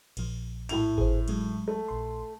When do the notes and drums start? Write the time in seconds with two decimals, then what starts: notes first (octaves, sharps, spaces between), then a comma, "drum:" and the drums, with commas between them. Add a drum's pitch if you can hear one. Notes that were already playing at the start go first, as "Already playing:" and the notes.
0.17 A#1 F3, drum: cymbal
0.69 A2 E4 F7, drum: cymbal
0.98 G#4 C5, drum: kick G#1
1.28 F#3 G#3, drum: cymbal
1.68 A3
1.88 A#1 C6